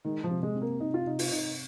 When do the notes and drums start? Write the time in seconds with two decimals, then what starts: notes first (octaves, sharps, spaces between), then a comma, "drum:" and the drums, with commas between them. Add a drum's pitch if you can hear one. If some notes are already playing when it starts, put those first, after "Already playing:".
0.05 D#3 G#3
0.24 F3
0.30 C3
0.43 G#3
0.55 C4
0.62 A#3
0.80 C3 D#4
0.94 F4
1.06 C3 D#4
1.19 F4, drum: open hi-hat
1.31 C3 D#4